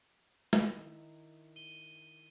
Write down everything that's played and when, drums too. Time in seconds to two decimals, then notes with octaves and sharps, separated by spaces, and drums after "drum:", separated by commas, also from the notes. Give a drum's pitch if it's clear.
0.53 drum: snare
0.71 D#3 E4
1.56 D#7 G7